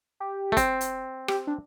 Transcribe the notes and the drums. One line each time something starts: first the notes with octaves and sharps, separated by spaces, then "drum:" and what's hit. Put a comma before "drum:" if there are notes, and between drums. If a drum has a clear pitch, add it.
G4
A3
C4, drum: kick, hi-hat
drum: hi-hat
G4, drum: rim click
D4